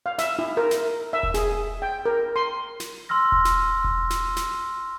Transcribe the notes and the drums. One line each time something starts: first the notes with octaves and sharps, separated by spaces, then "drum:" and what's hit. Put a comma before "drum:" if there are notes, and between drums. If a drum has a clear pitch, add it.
F5
E5, drum: snare
E4
A#4
drum: snare
E5
drum: kick E1
G#4, drum: snare
G5
A#4
C6
drum: snare
C6 E6 F6 A#6
drum: kick E1
drum: snare
drum: kick E1
drum: snare
drum: snare